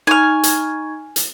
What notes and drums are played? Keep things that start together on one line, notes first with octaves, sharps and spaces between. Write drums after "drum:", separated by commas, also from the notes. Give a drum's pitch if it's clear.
D#4 G#5 C#6 F6 G#6
drum: hi-hat
drum: hi-hat